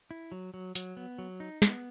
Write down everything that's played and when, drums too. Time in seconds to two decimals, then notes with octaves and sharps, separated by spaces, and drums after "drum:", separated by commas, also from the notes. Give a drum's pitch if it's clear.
0.11 E4
0.32 F#3
0.54 F#3
0.75 F#3, drum: hi-hat
0.97 B3
1.18 F#3
1.40 D#4
1.62 B3, drum: snare